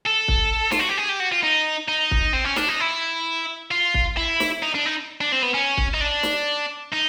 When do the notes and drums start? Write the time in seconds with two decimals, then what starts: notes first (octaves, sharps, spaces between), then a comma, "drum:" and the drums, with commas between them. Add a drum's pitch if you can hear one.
0.05 A4
0.28 drum: kick
0.71 F4, drum: snare
0.79 F#4
0.89 G4
0.97 G#4
1.09 G4
1.20 F#4
1.32 F4
1.43 D#4
1.88 D#4
2.11 drum: kick
2.33 C4
2.45 C#4
2.56 D4, drum: snare
2.68 D#4
2.80 E4
3.71 F4
3.94 drum: kick
4.17 E4
4.40 drum: snare
4.62 D#4
4.75 D4
4.85 D#4
5.21 D4
5.32 C4
5.42 B3
5.54 C#4
5.77 drum: kick
5.94 D#4
6.01 D4
6.23 drum: snare
6.92 D#4